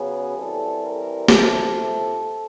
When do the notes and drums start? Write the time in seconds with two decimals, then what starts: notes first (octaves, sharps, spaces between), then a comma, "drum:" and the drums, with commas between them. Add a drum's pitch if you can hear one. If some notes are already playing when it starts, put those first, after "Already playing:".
Already playing: C#3 F#3 B3 G#4
0.36 E3 G3 C4 A4
0.82 A#4
1.28 C3 F3 A3 A4, drum: snare